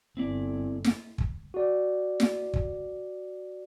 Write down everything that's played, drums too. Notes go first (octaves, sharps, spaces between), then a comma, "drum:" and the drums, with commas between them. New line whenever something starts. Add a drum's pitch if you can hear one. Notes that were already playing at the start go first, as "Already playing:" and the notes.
G1 C4 E4 D5
drum: snare
drum: kick
F#4 D5
drum: snare
drum: kick